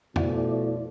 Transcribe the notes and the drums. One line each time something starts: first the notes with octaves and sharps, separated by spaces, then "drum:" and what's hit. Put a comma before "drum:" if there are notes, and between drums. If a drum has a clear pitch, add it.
B2 F3 A3 E4 D5, drum: tom